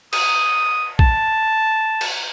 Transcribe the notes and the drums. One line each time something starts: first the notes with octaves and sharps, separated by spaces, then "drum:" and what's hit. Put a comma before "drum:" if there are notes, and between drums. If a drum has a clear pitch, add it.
D#6, drum: cymbal
A5, drum: kick
drum: cymbal